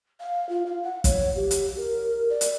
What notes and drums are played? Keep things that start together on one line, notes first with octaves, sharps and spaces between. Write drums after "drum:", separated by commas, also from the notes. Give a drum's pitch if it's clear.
F5
F4
F5
F#5
C#5, drum: kick, hi-hat
G4
drum: hi-hat
A#4
D5
drum: hi-hat